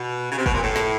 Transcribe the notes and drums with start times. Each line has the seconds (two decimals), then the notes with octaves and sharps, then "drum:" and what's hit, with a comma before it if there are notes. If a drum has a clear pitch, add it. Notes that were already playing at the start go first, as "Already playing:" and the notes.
Already playing: B2
0.31 C#3
0.38 C3
0.46 B2, drum: kick
0.54 A#2
0.62 A2
0.76 drum: snare